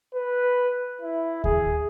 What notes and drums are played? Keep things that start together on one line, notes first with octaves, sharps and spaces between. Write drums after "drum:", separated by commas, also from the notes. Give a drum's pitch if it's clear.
B4
E4
G#4, drum: kick D2